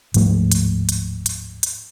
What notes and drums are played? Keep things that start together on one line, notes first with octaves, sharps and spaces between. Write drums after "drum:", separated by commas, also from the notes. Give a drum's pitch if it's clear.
D1 G#2 F3 A3, drum: hi-hat
drum: hi-hat
drum: hi-hat
drum: hi-hat
drum: hi-hat